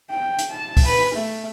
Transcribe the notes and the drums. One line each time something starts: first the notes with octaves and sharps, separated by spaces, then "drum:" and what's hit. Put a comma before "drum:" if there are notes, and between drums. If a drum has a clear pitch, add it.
G5
drum: hi-hat
A5
drum: kick, open hi-hat
B4
A3